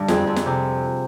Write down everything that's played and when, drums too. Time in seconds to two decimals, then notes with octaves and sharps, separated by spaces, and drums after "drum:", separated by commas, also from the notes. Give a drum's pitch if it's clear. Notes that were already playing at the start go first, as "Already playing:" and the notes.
Already playing: G2 D3
0.08 F2 G#4, drum: snare
0.27 F2
0.36 drum: snare
0.46 C3